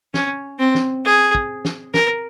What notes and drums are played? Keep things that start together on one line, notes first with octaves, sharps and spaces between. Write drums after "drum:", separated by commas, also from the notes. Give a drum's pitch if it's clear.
C#4, drum: snare
C4
drum: snare
G#4
drum: kick
drum: snare
A#4, drum: snare